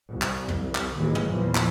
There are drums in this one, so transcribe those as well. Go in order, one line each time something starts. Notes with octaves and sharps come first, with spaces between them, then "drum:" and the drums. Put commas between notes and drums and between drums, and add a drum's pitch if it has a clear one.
C2
drum: clap
drum: tom
drum: clap
D#2 A2 E3 F#3 G#3
drum: tom
A#1 E2 A#2 E3 F3
drum: clap